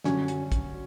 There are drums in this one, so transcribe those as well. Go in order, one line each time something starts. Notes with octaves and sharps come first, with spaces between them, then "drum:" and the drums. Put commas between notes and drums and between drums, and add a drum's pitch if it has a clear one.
F#2 D3 F#3 C#4, drum: snare
drum: hi-hat
drum: kick, hi-hat